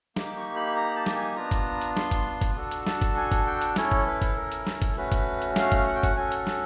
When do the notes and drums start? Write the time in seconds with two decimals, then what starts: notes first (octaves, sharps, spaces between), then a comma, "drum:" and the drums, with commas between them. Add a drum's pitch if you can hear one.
0.16 A#3 D#4 G4 D6, drum: snare
0.37 C#6
0.56 B5
0.76 A#5
0.96 A5
1.06 drum: snare
1.16 G#5
1.36 B3 D4 F4 A#5
1.51 drum: kick, hi-hat
1.81 drum: hi-hat
1.97 C6, drum: snare
2.11 drum: kick, hi-hat
2.41 drum: kick, hi-hat
2.56 D4 F#4 A4
2.71 drum: hi-hat
2.87 A5, drum: snare
3.02 drum: kick, hi-hat
3.17 G#5
3.32 drum: kick, hi-hat
3.46 G5
3.62 drum: hi-hat
3.76 C#4 E4 A4 C#5, drum: snare
3.92 drum: kick
4.07 B4
4.22 drum: kick, hi-hat
4.36 A#4
4.52 drum: hi-hat
4.67 drum: snare
4.82 drum: kick, hi-hat
4.97 A3 C#4 F#4 B4
5.12 drum: kick, hi-hat
5.42 drum: hi-hat
5.56 F5, drum: snare
5.72 drum: kick, hi-hat
5.87 F#5
5.95 G5
6.03 F#5, drum: kick, hi-hat
6.16 C#4 F#4 A4 G#5
6.32 drum: hi-hat
6.47 drum: snare